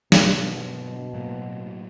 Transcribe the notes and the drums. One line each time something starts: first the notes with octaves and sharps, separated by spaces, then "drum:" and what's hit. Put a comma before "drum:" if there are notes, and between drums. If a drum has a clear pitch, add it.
G2 B2 D3 F#3 A#3, drum: snare
A2 F#3 A#3